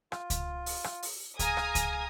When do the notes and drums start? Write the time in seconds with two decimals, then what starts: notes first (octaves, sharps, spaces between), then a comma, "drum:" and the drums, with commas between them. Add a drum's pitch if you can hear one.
0.12 F4, drum: rim click
0.30 drum: kick C#2, hi-hat
0.66 drum: open hi-hat
0.84 drum: rim click
1.03 drum: open hi-hat
1.39 G#4 F5 G#5 A#5 D#6, drum: kick C#2, hi-hat
1.57 drum: rim click
1.75 drum: kick C#2, hi-hat